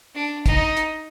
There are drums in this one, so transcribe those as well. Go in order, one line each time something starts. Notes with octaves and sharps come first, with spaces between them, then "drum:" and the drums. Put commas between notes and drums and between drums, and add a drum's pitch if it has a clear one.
D4
D#4, drum: kick, hi-hat
drum: hi-hat